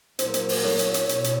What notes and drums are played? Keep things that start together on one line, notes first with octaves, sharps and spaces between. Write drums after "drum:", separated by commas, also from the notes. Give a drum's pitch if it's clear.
A#2 F#3 A#3 C5, drum: hi-hat
drum: hi-hat
drum: open hi-hat
C#5, drum: snare
drum: hi-hat
drum: hi-hat
B2, drum: hi-hat
drum: hi-hat